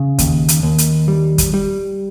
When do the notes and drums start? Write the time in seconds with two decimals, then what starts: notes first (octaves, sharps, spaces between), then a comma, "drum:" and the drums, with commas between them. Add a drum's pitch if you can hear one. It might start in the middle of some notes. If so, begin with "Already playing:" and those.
Already playing: C#3
0.19 D#2, drum: kick, hi-hat
0.48 drum: hi-hat
0.63 D#2
0.78 drum: hi-hat
1.08 G3
1.38 drum: kick, hi-hat
1.54 G3